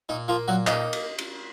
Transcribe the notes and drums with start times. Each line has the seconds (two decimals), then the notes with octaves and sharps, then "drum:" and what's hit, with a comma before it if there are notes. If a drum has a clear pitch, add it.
0.09 A#2 D#4
0.28 F3 A#3 F4
0.48 A#2 F#3 F#4
0.67 A#3 D#4 D#5, drum: clap
0.93 drum: cymbal
1.18 drum: cymbal